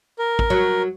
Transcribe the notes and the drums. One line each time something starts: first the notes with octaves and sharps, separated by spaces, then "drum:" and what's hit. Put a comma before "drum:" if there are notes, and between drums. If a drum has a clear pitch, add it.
A#4
drum: kick A1
F#3